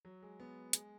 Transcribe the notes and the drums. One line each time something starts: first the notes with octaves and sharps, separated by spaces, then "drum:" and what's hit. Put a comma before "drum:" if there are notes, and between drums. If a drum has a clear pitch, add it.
F#3
G#3
B3
G#3, drum: hi-hat